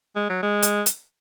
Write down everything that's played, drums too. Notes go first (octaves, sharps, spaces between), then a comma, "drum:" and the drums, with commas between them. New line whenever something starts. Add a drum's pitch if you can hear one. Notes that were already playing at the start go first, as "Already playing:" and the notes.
G#3
F#3
G#3
drum: hi-hat
drum: hi-hat